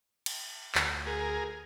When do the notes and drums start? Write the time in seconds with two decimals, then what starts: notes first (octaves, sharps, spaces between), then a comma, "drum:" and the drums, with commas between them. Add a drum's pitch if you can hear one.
0.26 drum: cymbal
0.75 D2, drum: clap
1.07 G#4 A#4